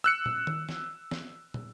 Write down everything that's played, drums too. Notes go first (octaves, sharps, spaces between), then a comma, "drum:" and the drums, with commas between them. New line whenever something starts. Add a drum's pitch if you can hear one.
E6 F#6 C#7
drum: tom
drum: tom D#3
drum: snare
drum: snare
drum: tom